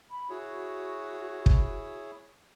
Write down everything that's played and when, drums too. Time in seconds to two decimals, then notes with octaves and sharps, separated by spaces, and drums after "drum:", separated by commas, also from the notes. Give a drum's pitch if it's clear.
0.10 B5
0.30 E4 F#4 G#4 C#5
1.46 drum: kick